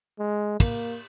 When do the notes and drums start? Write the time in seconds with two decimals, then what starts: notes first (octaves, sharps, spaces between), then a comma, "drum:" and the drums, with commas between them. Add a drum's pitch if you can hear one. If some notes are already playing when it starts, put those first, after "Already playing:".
0.19 G#3
0.60 A#3, drum: kick, cymbal